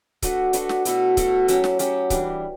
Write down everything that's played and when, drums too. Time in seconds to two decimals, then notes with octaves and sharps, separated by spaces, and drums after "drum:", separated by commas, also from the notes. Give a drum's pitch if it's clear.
0.22 A3 D4 F#4 B4, drum: kick C#1, hi-hat
0.53 A3 D4 F#4 B4, drum: hi-hat
0.69 drum: snare
0.85 B2 A3 E4 A4, drum: hi-hat
1.17 B2 A3 E4 A4, drum: kick C#1, hi-hat
1.48 F#3 C#4 G4, drum: hi-hat
1.64 drum: snare
1.79 F#3 C#4 G4, drum: hi-hat
2.10 E3 G3 D4, drum: kick C#1, hi-hat